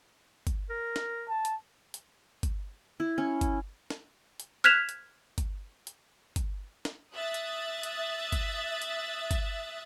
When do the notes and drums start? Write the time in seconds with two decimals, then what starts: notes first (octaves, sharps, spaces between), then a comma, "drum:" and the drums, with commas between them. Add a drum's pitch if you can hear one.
0.47 drum: kick G1, hi-hat
0.70 A#4
0.96 drum: snare
1.28 A5
1.45 drum: hi-hat
1.94 drum: hi-hat
2.43 drum: kick G1, hi-hat
3.00 E4
3.18 C#4
3.41 drum: kick G1, hi-hat
3.90 drum: snare
4.40 drum: hi-hat
4.64 F6 F#6 G#6 B6 E7 F7
4.89 drum: hi-hat
5.38 drum: kick G1, hi-hat
5.87 drum: hi-hat
6.36 drum: kick G1, hi-hat
6.85 drum: snare
7.14 E5 D#6 F#6 A6
7.34 drum: hi-hat
7.83 drum: hi-hat
8.32 drum: kick G1, hi-hat
8.82 drum: hi-hat
9.31 drum: kick G1, hi-hat